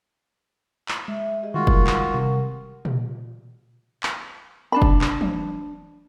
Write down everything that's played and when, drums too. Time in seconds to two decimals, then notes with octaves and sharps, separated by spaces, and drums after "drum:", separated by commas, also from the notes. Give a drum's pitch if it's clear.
0.88 drum: clap
1.08 G#3 E5
1.43 G4 G#4 D#5
1.54 D#3 G3 G#3 F4 F#4 A#4 F#5
1.67 drum: kick
1.87 drum: clap
2.14 C3
2.85 drum: tom A#2
4.03 drum: clap
4.72 D4 A5 B5
4.82 drum: kick
5.01 drum: clap
5.21 drum: tom E3